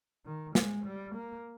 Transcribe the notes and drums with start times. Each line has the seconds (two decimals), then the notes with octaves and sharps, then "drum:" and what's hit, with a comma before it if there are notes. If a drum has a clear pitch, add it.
0.25 D#3
0.55 G#3, drum: snare
0.85 G3
1.15 A#3